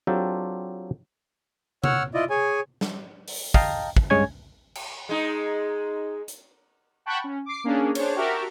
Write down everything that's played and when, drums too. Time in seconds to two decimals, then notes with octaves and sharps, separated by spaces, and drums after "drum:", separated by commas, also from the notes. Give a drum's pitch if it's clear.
0.07 F#3 C4 D4 F4 G4 A4
1.84 C#5 F#5 E6 F6, drum: tom C3
2.14 E4 F4 D5 D#5
2.30 G#4 C#5 G#5
2.81 drum: snare
3.27 drum: open hi-hat
3.54 D#5 F5 G5 A5 A#5, drum: kick
3.96 drum: kick
4.10 G2 G#3 C#4 C#5 G#5 G#6
4.75 drum: cymbal
5.09 G#3 D#4
6.28 drum: hi-hat
7.06 F#5 G5 A5 B5 C#6 F#6
7.24 C#4
7.46 D6 C7
7.64 A#3 C#4 D4 G#4
7.95 D4 G#4 C5 C#5, drum: cymbal
8.15 F#4 G4 A#4 E5 A5